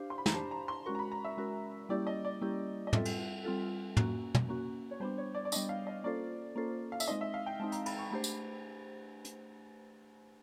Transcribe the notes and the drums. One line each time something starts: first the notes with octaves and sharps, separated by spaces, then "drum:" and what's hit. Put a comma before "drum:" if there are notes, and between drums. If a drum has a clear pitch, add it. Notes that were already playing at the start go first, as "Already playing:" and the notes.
Already playing: D4 G4 C5 F5
C6
B5
A#5, drum: snare
D4 G4 C5 A5
A#5
C6
G#3 C#4 F#4 A#4 C#6
A#5
B5
A#5
E5
G#3 C#4 F#4 A#4
G3 A#3 C#4 E4 G4 D5
D#5
D5
G3 A#3 C#4 E4 G4
D#5
G3 C4 F4 A4 E5, drum: tom
drum: cymbal
G3 C4 F4 A4
A#3 C#4 F#4, drum: tom
drum: tom
A#3 C#4 F#4
C#5
G3 B3 D4 C5
C#5
D5
D5
G3 B3 D4 D#5, drum: tambourine
F5
D#5
A#3 C#4 F4 A4 C5 D5
A#3 C#4 F4 A4 C5
F5
E5, drum: tambourine
G#3 C4 D#4 D#5
E5
F5
G5
G#3 C4 D#4 A5
A#5, drum: hi-hat
B5, drum: cymbal
C#6
A3 D4 G4 C5 B5
drum: tambourine
drum: hi-hat